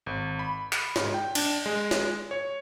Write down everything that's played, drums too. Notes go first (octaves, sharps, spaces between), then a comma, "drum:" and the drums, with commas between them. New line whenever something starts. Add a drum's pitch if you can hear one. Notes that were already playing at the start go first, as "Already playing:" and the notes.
G#1
B5
drum: clap
G#2, drum: snare
G5
D4, drum: cymbal
G#3
drum: snare
C#5